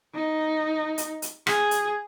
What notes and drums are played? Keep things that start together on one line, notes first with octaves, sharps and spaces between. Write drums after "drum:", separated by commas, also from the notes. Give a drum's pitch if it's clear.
D#4
drum: hi-hat
drum: hi-hat
G#4, drum: rim click
drum: hi-hat